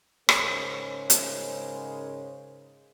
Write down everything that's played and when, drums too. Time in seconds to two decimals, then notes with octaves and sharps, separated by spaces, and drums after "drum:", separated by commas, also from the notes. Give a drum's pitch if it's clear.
0.29 G#2 C#3 G#3 A#4 C5 C#5, drum: rim click
1.10 drum: hi-hat